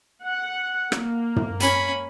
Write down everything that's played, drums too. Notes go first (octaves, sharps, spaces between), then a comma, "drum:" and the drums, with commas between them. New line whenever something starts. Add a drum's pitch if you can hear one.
F#5
A#3, drum: rim click
drum: tom
C#4 B5, drum: hi-hat